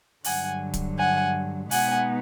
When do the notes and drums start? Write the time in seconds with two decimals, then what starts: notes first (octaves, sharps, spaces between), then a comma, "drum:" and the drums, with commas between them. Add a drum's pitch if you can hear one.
0.24 G2 D3 F#3 F#5 G#5, drum: open hi-hat
0.74 drum: kick D1, hi-hat
0.98 F#5 G#5
1.71 B2 G#3 B3 D#4 F#5 G#5, drum: open hi-hat